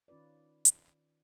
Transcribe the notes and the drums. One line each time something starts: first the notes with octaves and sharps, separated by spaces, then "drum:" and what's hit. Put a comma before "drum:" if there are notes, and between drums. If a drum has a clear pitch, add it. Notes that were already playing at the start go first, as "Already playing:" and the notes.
D#3 C#4 F4 B4 D5
drum: hi-hat